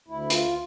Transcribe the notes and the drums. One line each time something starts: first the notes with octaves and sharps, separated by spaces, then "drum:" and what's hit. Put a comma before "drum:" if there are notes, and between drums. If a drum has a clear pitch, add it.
D2 E4
F4, drum: hi-hat